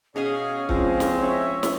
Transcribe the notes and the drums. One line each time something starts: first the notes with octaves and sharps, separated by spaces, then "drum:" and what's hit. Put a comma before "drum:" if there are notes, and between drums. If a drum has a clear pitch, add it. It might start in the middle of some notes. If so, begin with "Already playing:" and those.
B2 C#4 G#4 C#5 D#5 F5 G#5
F3 G#3 C4, drum: kick
drum: snare
C#5 E5
drum: snare